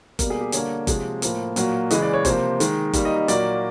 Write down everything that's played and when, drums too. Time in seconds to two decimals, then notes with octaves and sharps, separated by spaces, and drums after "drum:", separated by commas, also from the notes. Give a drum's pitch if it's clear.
0.19 B2 G3 A#3 A#4, drum: kick F#1, hi-hat
0.30 G#4
0.41 G4
0.52 D3 G3 A#3 C#5, drum: hi-hat
0.87 C3 F3 G#3, drum: kick F#1, hi-hat
1.22 A2 F3 A#3, drum: hi-hat
1.56 A#2 F#3 A#3, drum: hi-hat
1.91 C#3 E3 G#3 D#5, drum: hi-hat
2.02 D5
2.14 C#5
2.25 C3 F3 A#3 C5, drum: kick F#1, hi-hat
2.60 D#3 G#3, drum: hi-hat
2.93 D#3 G3 A#3, drum: kick F#1, hi-hat
3.05 D#5
3.16 D#5
3.28 A#2 F#3 A#3 D5, drum: hi-hat